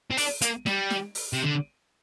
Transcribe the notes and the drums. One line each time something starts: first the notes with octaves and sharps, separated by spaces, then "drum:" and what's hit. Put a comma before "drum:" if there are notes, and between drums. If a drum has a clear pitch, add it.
C4
D4, drum: open hi-hat
A#3, drum: hi-hat
G3, drum: snare
drum: snare
drum: open hi-hat
C3
D3